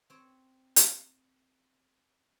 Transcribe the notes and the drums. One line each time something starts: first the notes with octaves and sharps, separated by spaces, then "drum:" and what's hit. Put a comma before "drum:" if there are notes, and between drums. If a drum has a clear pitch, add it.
C4 C#5
drum: hi-hat